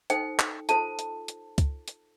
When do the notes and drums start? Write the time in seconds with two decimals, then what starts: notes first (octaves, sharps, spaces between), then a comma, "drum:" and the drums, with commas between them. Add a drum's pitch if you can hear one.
0.10 D#4 A4 C5 G5, drum: hi-hat
0.39 drum: clap
0.69 F4 A4 C5 A5, drum: hi-hat
0.99 drum: hi-hat
1.28 drum: hi-hat
1.58 drum: kick C#2, hi-hat
1.88 drum: hi-hat